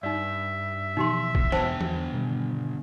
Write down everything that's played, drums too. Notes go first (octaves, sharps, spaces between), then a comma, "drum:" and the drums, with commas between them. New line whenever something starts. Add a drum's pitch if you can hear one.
G2 D#4 D5 E5
B2 E3 F3 D#4 G4 C6
drum: kick
E1 D3 B3 C5 G5 A5, drum: snare
E2, drum: tom E3
B2 D#3 G3